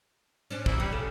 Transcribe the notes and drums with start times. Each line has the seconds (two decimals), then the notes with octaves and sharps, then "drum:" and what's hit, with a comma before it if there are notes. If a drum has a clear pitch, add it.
0.50 C#4 D4 C5
0.66 E2 G3 A#3 E4, drum: kick
0.80 G3 B4 C#5
0.92 C#3 A4